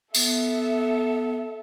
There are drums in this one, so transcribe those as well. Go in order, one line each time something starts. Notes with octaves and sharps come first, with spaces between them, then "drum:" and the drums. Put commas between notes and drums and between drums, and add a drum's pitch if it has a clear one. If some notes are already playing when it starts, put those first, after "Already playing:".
B3 A4 E5, drum: tambourine